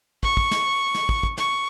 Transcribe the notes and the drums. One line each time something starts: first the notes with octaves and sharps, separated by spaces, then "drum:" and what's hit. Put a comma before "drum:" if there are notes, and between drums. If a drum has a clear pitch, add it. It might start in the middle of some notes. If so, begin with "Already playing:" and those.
C#6, drum: kick
drum: kick
drum: snare
drum: snare
drum: kick
drum: kick
C#6, drum: snare